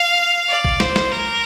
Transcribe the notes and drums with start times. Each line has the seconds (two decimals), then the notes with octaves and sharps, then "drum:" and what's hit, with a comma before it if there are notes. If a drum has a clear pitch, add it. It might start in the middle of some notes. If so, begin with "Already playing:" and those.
Already playing: F5
0.49 D5
0.65 drum: kick A#1
0.80 C5, drum: snare
0.96 drum: snare
1.12 A#4